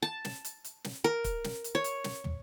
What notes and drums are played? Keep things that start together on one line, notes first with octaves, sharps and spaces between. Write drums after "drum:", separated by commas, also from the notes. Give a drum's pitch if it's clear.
A5
drum: snare
drum: hi-hat
drum: hi-hat
drum: snare
A#4
drum: kick, hi-hat
drum: snare
drum: hi-hat
C#5
drum: hi-hat
drum: snare
drum: tom